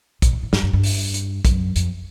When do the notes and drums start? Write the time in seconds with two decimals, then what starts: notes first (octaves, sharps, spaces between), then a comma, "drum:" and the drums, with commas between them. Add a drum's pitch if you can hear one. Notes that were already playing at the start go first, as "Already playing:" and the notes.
0.22 A#2, drum: kick, hi-hat
0.32 A2
0.43 A2
0.53 G#2, drum: snare
0.63 G2
0.73 G2
0.84 drum: open hi-hat
1.14 drum: hi-hat
1.45 F#2, drum: kick, hi-hat
1.76 F2, drum: hi-hat